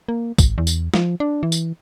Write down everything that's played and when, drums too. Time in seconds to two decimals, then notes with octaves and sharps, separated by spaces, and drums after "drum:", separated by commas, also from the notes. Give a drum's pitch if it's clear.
0.09 A#3
0.38 G#1, drum: kick, tambourine
0.58 E2
0.67 drum: tambourine
0.94 F3, drum: snare
1.20 D4
1.43 E3
1.52 drum: tambourine